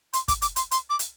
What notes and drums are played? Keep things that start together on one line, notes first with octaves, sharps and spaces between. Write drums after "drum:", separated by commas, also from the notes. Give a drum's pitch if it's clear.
C6, drum: hi-hat
D6, drum: kick, hi-hat
D6, drum: hi-hat
C6, drum: hi-hat
C6, drum: hi-hat
D6
drum: hi-hat